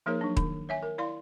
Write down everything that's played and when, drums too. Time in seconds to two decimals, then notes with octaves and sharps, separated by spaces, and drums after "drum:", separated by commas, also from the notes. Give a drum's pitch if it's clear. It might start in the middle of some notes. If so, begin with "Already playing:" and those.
0.06 F3 A#3 D#4 G#4 A#4 C#5
0.21 F#3 D4
0.37 D#3, drum: kick
0.69 C#5 E5 G#5
0.83 A#4
0.98 E4 D5 F5 C6